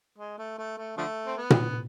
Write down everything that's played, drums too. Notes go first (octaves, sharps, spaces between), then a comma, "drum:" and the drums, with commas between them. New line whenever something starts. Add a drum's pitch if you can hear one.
G#3
A3
A3
A3
D3 F3 A3
C4
B3
drum: tom A#2